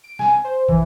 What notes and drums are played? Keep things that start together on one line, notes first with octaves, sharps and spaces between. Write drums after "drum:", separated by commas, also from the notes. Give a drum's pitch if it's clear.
D7
G#5, drum: snare
C5
E3, drum: kick